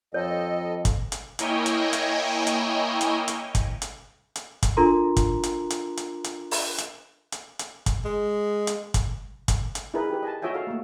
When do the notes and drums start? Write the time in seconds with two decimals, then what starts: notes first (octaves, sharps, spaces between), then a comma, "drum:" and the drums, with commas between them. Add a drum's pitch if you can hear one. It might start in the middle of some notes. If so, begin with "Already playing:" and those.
0.14 F2 A4 C#5 D#5
0.85 drum: kick, hi-hat
1.12 drum: hi-hat
1.39 A#3 E4 C#5 D#5 G5 G#5, drum: hi-hat
1.66 drum: hi-hat
1.93 drum: hi-hat
2.47 drum: hi-hat
3.01 drum: hi-hat
3.28 drum: hi-hat
3.55 drum: kick, hi-hat
3.82 drum: hi-hat
4.36 drum: hi-hat
4.63 drum: kick, hi-hat
4.77 D4 F4 A4 A#4 A#5 C6
5.16 drum: kick, hi-hat
5.43 drum: hi-hat
5.70 drum: hi-hat
5.97 drum: hi-hat
6.24 drum: hi-hat
6.51 drum: open hi-hat
6.78 drum: hi-hat
7.32 drum: hi-hat
7.59 drum: hi-hat
7.86 drum: kick, hi-hat
8.05 G#3
8.67 drum: hi-hat
8.94 drum: kick, hi-hat
9.48 drum: kick, hi-hat
9.75 drum: hi-hat
9.94 D#4 E4 G#4 A#4 B4 D#5
10.10 G4 B4
10.23 D#5 G#5 A5
10.42 F#4 C#5 D#5 E5 G5 G#5
10.54 A4 F5
10.67 A3 A#3